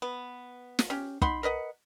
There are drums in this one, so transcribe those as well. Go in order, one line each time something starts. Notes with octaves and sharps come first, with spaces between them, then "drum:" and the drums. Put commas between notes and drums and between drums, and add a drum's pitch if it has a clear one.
B3
drum: snare
C#4 G4
D#4 F#5 B5 C6, drum: kick
A#4 B4 D#5 F#5